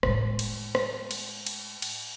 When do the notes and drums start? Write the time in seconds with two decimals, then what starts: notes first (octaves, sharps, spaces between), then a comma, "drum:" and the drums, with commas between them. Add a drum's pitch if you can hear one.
0.03 A2 G#3, drum: rim click
0.39 drum: cymbal
0.75 drum: rim click
1.11 drum: cymbal
1.47 drum: cymbal
1.82 drum: cymbal